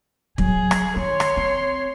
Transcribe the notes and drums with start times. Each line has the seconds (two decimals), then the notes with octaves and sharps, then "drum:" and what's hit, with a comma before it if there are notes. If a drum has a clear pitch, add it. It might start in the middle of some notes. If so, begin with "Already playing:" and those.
0.38 F#3 G#4, drum: kick
0.71 drum: rim click
0.96 D#3 C#5 C6
1.20 drum: rim click
1.37 C4